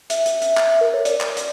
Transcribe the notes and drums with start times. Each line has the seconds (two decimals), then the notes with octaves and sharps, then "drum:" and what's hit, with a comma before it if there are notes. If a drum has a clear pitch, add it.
0.10 E5, drum: hi-hat
0.26 drum: hi-hat
0.41 drum: hi-hat
0.57 drum: clap
0.81 A#4
0.94 C#5
1.05 D5, drum: hi-hat
1.21 drum: clap
1.37 drum: hi-hat